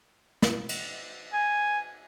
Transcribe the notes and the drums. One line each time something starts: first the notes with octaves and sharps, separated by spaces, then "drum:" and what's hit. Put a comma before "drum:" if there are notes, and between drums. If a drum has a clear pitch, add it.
drum: snare
drum: cymbal
G#5